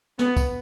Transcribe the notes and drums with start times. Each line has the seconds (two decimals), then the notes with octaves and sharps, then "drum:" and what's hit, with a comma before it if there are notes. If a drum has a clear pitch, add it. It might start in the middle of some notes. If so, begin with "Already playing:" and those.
0.19 B3, drum: snare
0.37 drum: kick, tambourine